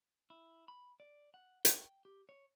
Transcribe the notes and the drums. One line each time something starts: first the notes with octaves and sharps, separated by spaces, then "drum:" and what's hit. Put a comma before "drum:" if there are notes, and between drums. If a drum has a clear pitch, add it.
E4
B5
D5
F#5
G5, drum: hi-hat
G4
C#5